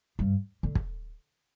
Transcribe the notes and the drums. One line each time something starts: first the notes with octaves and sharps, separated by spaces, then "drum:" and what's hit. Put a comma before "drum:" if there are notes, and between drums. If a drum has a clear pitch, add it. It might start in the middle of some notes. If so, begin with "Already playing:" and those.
G2
D3
drum: kick